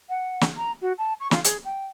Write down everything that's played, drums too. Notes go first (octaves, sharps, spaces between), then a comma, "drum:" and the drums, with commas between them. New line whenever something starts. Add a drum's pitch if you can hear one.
F#5
drum: snare
A#5
F#4
A5
C#6
F4, drum: snare
G#4, drum: hi-hat
G5